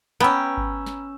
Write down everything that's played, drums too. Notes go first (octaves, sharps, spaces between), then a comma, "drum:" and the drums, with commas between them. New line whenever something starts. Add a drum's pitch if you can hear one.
B3 C#4 G5 A#5 B5 E6
drum: kick G#1
drum: snare